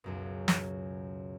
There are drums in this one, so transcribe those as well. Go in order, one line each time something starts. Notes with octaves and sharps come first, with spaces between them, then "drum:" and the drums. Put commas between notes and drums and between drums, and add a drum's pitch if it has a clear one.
C#2 F#2 B2
drum: snare